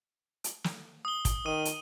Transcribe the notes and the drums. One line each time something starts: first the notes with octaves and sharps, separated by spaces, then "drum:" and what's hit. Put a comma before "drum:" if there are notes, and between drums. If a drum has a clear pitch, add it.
drum: hi-hat
drum: snare
D#6 G7
drum: kick, hi-hat
D#3 D#6 D#7
drum: hi-hat